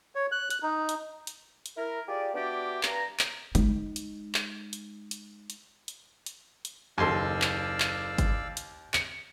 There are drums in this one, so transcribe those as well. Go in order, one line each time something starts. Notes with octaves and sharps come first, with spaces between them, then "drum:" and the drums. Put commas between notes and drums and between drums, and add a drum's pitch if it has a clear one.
C#5
F#6
F#6, drum: hi-hat
D#4
drum: hi-hat
drum: hi-hat
drum: hi-hat
E4 A#4
F4 G4 G#4 D5
B3 D4 F#4 G4 D5 E5
G2 A#5, drum: clap
drum: clap
G#3 D#4, drum: kick G1, hi-hat
drum: hi-hat
drum: clap
drum: hi-hat
drum: hi-hat
drum: hi-hat
drum: hi-hat
drum: hi-hat
drum: hi-hat
F#1 D#2 A4 D5 F5 C6 E6
drum: clap
drum: clap
drum: kick G1, hi-hat
drum: hi-hat
C#7, drum: clap